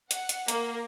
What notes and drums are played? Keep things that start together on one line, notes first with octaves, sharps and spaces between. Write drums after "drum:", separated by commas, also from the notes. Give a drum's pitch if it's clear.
F#5, drum: hi-hat
drum: hi-hat
A#3, drum: hi-hat